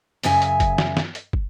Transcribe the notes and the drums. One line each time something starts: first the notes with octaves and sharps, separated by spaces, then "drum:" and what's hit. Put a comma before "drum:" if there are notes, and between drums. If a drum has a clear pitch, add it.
F#2 C#3 E5 G#5, drum: open hi-hat
drum: hi-hat
drum: kick, hi-hat
drum: snare
drum: snare
drum: hi-hat
drum: kick